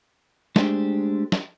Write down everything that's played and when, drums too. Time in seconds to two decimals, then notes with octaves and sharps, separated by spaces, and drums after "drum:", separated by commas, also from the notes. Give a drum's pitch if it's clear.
0.56 G#3 A3 D4 G4 C5, drum: snare
1.32 drum: snare